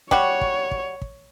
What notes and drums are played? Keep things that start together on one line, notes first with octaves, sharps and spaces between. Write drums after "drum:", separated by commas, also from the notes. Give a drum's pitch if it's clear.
G3 F#4 C#5, drum: kick
drum: kick
drum: kick
drum: kick